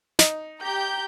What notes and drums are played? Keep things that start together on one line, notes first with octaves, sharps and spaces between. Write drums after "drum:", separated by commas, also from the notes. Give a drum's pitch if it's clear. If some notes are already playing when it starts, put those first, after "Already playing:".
D#4, drum: snare
G4 A#5 G6